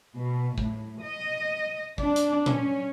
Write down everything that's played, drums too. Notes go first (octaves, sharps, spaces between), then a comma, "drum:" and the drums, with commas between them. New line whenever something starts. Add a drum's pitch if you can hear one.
B2
A2, drum: kick
D#5
D4, drum: kick
drum: hi-hat
C#4, drum: tom A#2